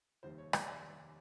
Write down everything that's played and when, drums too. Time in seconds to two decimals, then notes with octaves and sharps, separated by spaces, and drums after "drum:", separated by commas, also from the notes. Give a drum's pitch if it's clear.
0.23 F1 D#2 D#3 G3 C5
0.38 C#5
0.53 D5, drum: rim click